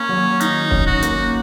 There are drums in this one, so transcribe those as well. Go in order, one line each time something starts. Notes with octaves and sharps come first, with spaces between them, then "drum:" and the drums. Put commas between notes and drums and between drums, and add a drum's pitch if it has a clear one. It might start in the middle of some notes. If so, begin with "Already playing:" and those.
Already playing: A#3 C#4
F#3
D#3 D#4, drum: hi-hat
C#4, drum: kick
F#4
A#3, drum: hi-hat